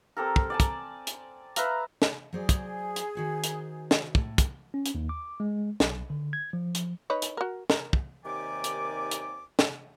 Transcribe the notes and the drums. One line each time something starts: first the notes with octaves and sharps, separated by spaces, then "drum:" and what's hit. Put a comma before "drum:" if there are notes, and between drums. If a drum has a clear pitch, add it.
C4 G4 A4 A#4
drum: kick
D5 G#5 A5
drum: kick, hi-hat
drum: hi-hat
B4 E5 F5 A#5, drum: hi-hat
drum: snare
F#3 G#4 C5 D5
drum: kick, hi-hat
drum: hi-hat
D#3 F#4 C5
drum: hi-hat
drum: snare
A2, drum: kick
drum: kick, hi-hat
C#4
drum: hi-hat
D#2
D6
G#3
B1, drum: snare
D3
G#6
F3
drum: hi-hat
D#4 B4 C#5
drum: hi-hat
F#4 A#4
A#4, drum: snare
drum: kick
D#2 C3 D#3 D5 G#5 D6
drum: hi-hat
drum: hi-hat
drum: snare